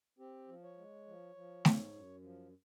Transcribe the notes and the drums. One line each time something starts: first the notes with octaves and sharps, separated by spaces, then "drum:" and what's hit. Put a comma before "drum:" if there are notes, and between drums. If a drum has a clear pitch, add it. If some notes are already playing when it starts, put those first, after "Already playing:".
C4 G4
F3
C#5
G#3
F3
F3
G#2, drum: snare A3
F#2
F3